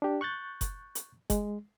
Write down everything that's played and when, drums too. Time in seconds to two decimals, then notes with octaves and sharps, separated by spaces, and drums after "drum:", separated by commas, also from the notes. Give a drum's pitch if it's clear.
0.02 D4 G4
0.21 C#6 F#6 G6 A6
0.61 drum: kick F#1, hi-hat
0.95 drum: hi-hat
1.30 G#3, drum: kick F#1, hi-hat